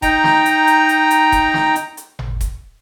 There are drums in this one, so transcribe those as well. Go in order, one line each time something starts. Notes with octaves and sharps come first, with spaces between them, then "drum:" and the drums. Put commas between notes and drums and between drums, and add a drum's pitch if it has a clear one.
D#4 G5 A#5, drum: kick D#1, hi-hat
drum: snare
drum: hi-hat
drum: hi-hat
drum: hi-hat
drum: hi-hat
drum: kick D#1, hi-hat
drum: snare
drum: hi-hat
drum: hi-hat
drum: tom G#1
drum: kick D#1, hi-hat